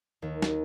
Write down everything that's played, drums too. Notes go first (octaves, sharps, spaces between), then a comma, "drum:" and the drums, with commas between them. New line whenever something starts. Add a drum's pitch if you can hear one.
D#2
drum: snare